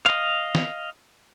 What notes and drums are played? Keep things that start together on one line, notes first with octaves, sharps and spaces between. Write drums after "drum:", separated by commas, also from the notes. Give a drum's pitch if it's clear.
D#5 F5, drum: clap
drum: snare